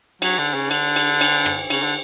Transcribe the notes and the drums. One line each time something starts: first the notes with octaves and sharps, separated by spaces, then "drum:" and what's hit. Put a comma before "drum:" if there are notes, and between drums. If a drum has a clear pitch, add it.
F#3, drum: cymbal
D3
C#3
D3, drum: cymbal
drum: cymbal
drum: cymbal
drum: rim click
C#3, drum: cymbal
D3